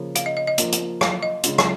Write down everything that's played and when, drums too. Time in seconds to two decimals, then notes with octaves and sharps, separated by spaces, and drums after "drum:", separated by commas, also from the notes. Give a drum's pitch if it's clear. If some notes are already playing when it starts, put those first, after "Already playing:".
Already playing: C#3 F3 A#3 C#4
0.15 F5, drum: hi-hat
0.26 D#5
0.37 D#5
0.47 D#5
0.58 F3 A#3 F4, drum: hi-hat
0.72 drum: hi-hat
1.01 F5, drum: rim click
1.23 D#5
1.44 C#3 G#3 F4, drum: hi-hat
1.58 drum: rim click